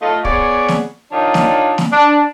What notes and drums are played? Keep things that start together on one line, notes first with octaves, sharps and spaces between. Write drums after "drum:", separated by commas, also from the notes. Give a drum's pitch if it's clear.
A3 F4 D#5
B3 G#4 C#5 D5, drum: kick
drum: snare
D#3 D4 D#4 F4 C#5 D5
drum: snare
drum: snare
D4